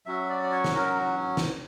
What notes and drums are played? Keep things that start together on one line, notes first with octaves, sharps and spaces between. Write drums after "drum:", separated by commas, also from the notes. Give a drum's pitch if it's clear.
F#3 C#4 F#4 E5
D5
D5
C#5
drum: snare
F#3 C#4 F#4 A#4
drum: snare